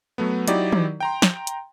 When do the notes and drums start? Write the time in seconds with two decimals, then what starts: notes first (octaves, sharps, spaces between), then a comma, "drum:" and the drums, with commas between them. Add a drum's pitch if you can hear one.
0.18 F#3 A3 B3
0.48 F#3 D#4 E4 G4 D5, drum: hi-hat
0.72 drum: tom
1.00 G5 A#5 C6
1.22 drum: snare
1.47 drum: hi-hat